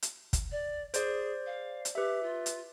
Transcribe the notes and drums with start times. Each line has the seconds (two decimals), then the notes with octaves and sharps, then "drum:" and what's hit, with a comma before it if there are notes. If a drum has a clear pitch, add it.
0.02 drum: hi-hat
0.33 drum: kick, hi-hat
0.52 D5
0.94 G#4 C5 D5, drum: hi-hat
1.46 F5
1.85 drum: hi-hat
1.95 G4 B4 E5
2.23 F4
2.46 drum: hi-hat